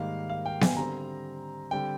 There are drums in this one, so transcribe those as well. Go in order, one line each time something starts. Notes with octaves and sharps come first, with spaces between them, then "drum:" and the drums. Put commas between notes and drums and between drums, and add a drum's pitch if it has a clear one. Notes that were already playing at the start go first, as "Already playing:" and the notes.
Already playing: G#2 D#3 G3 A#3 F5
F5
G5
G#5, drum: snare B3
D3 G3 C4 A#5
D3 G3 C4 G5